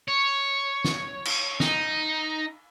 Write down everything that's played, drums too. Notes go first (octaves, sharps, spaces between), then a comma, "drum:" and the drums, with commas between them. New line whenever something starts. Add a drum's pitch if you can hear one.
C#5
drum: snare
drum: cymbal
D#4, drum: snare